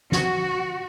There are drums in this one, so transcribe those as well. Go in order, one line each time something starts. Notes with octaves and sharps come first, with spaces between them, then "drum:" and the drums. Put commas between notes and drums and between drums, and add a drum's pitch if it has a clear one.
F#4, drum: snare